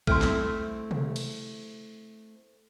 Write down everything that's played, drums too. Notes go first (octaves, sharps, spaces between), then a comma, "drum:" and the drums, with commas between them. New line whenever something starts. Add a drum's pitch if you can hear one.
A3 C4 E4 C6 F6, drum: kick A#1
drum: snare
drum: tom C3
drum: cymbal